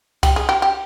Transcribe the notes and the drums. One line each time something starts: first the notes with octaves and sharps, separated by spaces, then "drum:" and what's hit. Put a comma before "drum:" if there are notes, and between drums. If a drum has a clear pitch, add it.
G4, drum: kick C2, cymbal
G#4
G4
G4